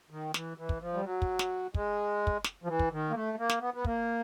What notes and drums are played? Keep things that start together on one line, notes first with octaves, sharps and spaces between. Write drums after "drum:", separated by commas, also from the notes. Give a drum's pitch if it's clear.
D#3
E3, drum: snare
E3
drum: kick
F3
G3
F#3
drum: kick
drum: snare
G#3, drum: kick
drum: kick
drum: snare
F3
E3
drum: kick
D#3
A#3
A3
A#3
drum: snare
B3
B3
A#3, drum: kick